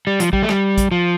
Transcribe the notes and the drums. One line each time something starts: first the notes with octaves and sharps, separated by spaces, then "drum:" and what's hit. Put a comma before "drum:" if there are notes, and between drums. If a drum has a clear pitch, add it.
G3
F3, drum: hi-hat
G3, drum: kick A1
A3
G3, drum: rim click
drum: kick A1, hi-hat
F3